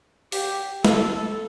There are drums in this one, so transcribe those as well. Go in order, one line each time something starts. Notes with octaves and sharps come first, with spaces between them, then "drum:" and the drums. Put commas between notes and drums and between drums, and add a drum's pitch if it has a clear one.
G4, drum: open hi-hat
A4, drum: snare